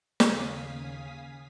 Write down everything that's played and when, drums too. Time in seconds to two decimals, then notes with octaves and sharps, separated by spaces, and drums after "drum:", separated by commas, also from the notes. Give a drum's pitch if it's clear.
0.20 D#2 C#3 F5 G#5 D#6 B6, drum: snare